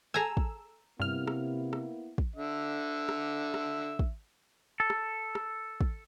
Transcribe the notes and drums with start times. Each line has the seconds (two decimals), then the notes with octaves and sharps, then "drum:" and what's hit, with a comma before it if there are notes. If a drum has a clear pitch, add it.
0.14 G#4 A4 G#5 A#5 E6
0.37 drum: kick
1.00 G2 C3 A#3 B3 E4 F6
1.27 drum: rim click
1.73 drum: rim click
2.18 drum: kick
2.35 D3 E5
3.09 drum: rim click
3.54 drum: rim click
3.99 drum: kick
4.80 A4
4.90 drum: rim click
5.35 drum: rim click
5.81 drum: kick